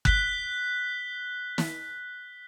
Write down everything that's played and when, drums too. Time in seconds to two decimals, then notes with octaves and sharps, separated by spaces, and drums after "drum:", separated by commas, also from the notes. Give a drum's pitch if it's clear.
0.05 F#6 B6 G7, drum: kick
1.58 drum: snare